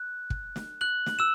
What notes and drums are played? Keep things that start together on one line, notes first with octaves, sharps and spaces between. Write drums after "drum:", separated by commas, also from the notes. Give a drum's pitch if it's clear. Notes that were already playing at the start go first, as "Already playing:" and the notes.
Already playing: F#6
drum: kick
drum: snare
F#6 F#7
drum: snare
E6 E7